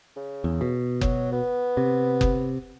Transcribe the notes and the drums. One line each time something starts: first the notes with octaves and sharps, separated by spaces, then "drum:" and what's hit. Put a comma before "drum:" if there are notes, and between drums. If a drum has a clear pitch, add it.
C#3
E2
B2
F#3, drum: kick F#1
B3
C3
drum: kick F#1